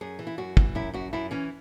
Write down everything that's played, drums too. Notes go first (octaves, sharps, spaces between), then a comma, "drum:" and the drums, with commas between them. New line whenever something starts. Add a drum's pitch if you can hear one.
F#2 G#4
E3
E4
F#2 F#4
E3, drum: kick
F#2 E4
F#2 F#4
F#2 E4
E3 C#4